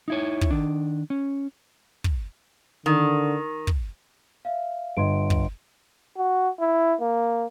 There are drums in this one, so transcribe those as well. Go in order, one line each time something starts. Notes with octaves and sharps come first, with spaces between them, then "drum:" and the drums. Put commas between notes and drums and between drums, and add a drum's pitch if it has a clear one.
D#4 E4 C#5
drum: kick
D#3 D4
C#4
drum: kick
D3 D#3
drum: kick
E5 F5
G1 D#5 C6 D7
drum: kick
F#4
E4
A#3